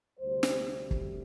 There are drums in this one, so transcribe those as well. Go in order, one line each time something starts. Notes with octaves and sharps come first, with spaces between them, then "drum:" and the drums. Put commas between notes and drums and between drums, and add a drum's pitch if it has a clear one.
D2 C3 G3 C5
drum: snare
drum: kick